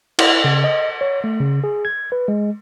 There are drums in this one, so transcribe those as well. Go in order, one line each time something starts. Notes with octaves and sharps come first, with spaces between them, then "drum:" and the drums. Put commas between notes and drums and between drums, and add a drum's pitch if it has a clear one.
E4, drum: cymbal
C#3
D#5
C#5
A3
C#3
G#4
G#6
B4
G#3